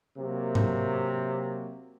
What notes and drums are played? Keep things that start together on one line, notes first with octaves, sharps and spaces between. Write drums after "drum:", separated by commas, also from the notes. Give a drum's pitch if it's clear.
C3 F#3 A#3
drum: tom G#2